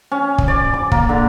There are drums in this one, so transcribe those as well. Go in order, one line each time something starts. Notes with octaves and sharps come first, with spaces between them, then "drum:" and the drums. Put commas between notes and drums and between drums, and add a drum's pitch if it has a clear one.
C#4
drum: kick
D5
D6
A#3, drum: kick
D3